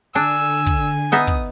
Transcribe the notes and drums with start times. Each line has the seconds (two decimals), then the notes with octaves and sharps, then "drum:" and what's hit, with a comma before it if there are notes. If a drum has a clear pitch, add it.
0.15 D3 D4 G#5 E6
0.66 drum: kick
1.12 B3 D#4 E5 D#6
1.27 drum: kick